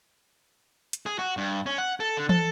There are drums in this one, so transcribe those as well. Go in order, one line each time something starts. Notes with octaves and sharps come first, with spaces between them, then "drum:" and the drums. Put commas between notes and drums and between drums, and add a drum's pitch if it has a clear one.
drum: hi-hat
G#4
F#4
G2
C#4
F#5
A4
D3
A4, drum: tom